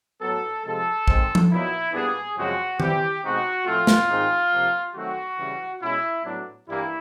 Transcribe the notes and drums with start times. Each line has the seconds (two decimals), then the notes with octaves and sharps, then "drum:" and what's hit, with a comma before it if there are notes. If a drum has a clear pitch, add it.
0.21 A2 F#3 B3 A4
0.64 C3 F3 G#3 A4
1.08 G#2 D#3 G#3 C4, drum: kick
1.35 drum: tom F3
1.50 A#2 F#3 B3 D#4 E4
1.93 A#2 G3 B3 D4 G#4
2.36 F#2 C#3 F3 G#3 C4 F#4
2.80 E3 G3 C4 G4, drum: tom D#3
3.23 B2 G#3 C4 D#4 F#4
3.66 A2 F3 A3 C4 F4
3.87 drum: snare
4.09 G#2 D#3 G#3 C4 D#4
4.52 C3 F3 A#3
4.95 D#3 F#3 A3 C4 F#4
5.38 C#3 E3 G3
5.81 B2 G#3 C#4 E4
6.24 A2 F#3 B3 D4
6.67 G2 E3 G3 A#3 E4